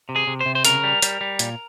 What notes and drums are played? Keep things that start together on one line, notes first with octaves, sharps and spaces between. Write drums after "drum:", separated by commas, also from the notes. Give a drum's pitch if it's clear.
C3
G#4
C3
C5
C3
C5
C#3 A#4, drum: hi-hat
G3
G3, drum: hi-hat
G3
A#2, drum: hi-hat